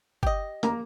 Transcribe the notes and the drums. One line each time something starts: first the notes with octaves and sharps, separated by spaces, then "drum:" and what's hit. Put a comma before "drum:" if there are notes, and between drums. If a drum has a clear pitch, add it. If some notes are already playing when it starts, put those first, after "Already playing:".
G4 D#5, drum: kick G1
A#3 A#5, drum: hi-hat